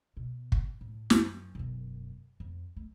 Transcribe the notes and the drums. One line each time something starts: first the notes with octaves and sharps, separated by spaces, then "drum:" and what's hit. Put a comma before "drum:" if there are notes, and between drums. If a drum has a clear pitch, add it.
B2
drum: kick
A2
F#2, drum: snare
E1 F#2
F2
A3